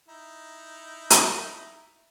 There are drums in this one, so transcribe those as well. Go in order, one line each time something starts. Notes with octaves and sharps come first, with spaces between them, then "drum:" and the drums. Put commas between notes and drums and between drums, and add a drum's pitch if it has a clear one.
D#4 E4
drum: hi-hat